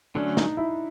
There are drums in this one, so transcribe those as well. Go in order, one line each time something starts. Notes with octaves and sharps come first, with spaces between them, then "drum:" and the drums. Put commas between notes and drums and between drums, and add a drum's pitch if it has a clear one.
D3 F#3 A3 C#4 D4
D#4, drum: snare
E4